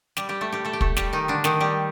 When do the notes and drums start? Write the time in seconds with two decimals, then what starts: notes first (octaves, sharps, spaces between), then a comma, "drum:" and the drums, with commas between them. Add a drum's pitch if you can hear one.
0.17 G3 G4, drum: snare
0.29 G3 G4
0.41 A3 A4
0.52 G3 G4
0.65 A3 A4
0.73 G4
0.81 A3 A4, drum: kick
0.97 G3 G4, drum: snare
1.13 D#3 D#4
1.28 D3 D4
1.44 D#3 D#4, drum: snare
1.60 G3 G4